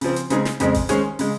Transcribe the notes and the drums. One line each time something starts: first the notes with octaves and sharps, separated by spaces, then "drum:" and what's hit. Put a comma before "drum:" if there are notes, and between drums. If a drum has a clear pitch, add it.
C#3 F3 C4, drum: open hi-hat
drum: hi-hat
C#3 G#3 C4 D#4 G#4, drum: hi-hat
drum: snare
F2 C#3 G#3 C4, drum: hi-hat
drum: kick A1, open hi-hat
D#3 G#3 C#4 G#4 C5, drum: hi-hat
C#3 G#3, drum: open hi-hat